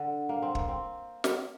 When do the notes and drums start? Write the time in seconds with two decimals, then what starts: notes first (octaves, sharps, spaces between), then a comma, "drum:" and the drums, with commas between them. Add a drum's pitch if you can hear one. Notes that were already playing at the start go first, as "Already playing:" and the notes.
Already playing: D3
0.29 A#3
0.42 C4
0.55 A#3, drum: kick
0.69 C4
1.24 drum: snare